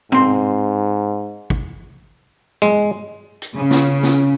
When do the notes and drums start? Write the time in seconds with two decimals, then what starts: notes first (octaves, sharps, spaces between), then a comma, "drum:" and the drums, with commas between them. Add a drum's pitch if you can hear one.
0.12 G#2 C4 C6, drum: tom
1.50 drum: kick
2.62 G#3, drum: tom
3.42 drum: hi-hat
3.55 C#3
3.71 drum: snare
4.03 drum: snare